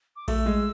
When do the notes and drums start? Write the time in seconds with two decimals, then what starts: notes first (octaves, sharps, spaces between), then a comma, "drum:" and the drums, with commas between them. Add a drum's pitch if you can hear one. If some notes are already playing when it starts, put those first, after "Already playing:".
0.16 D6
0.28 A3 E6, drum: kick A#1, cymbal
0.46 G#3